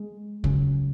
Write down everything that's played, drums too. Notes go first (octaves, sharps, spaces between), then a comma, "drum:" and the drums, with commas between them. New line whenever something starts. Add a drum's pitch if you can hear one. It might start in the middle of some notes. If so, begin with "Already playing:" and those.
Already playing: G#3
C#2 C#3 F#3, drum: kick